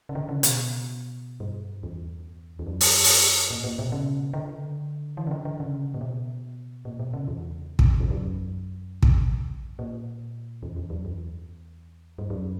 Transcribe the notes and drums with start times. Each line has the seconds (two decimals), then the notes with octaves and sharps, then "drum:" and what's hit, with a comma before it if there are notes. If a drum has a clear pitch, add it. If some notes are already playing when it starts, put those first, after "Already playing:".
0.09 C#3
0.15 D3
0.29 C#3
0.43 B2, drum: hi-hat
1.40 G2
1.83 E2
2.59 E2
2.66 F#2
2.81 drum: open hi-hat
3.04 drum: open hi-hat
3.50 A#2
3.64 A#2
3.79 B2
3.92 C#3
4.34 D3
5.17 E3
5.27 C#3
5.31 D3
5.45 D3
5.60 C#3
5.94 A#2
6.01 B2
6.85 A#2
7.00 B2
7.13 C#3
7.28 E2
7.79 drum: kick
8.00 E2
8.11 F#2
9.03 drum: kick
9.79 A#2
10.63 E2
10.76 E2
10.90 F#2
11.05 E2
12.18 G2
12.30 F#2